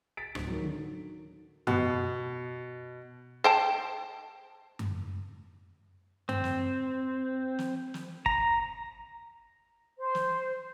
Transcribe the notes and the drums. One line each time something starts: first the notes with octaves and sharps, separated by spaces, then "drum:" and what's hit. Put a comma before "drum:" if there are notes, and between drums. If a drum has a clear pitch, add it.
A6 B6 D7
D1 D2, drum: rim click
D#3 F#3
D3
B2, drum: tom F#2
C5 G5 A5
drum: tom F#2
C4, drum: tom F#2
drum: snare
drum: snare
drum: snare
A#5, drum: kick
C5
drum: snare